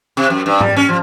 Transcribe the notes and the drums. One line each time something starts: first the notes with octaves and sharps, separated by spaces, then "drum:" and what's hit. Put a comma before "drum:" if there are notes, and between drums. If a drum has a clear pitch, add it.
C3
F#2
G2
G3, drum: tom
C#4
F3